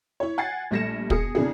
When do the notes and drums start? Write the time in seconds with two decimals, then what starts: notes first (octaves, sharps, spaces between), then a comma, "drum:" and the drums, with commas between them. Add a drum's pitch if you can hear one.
0.20 E4 C#5
0.38 F#5 G#5 G#6 A6 C7
0.71 A#1 G3 A3 A#6 C#7 E7
1.10 B2 G#4 D#6 C#7, drum: kick
1.35 B1 F2 C#3 D4 E4 G#4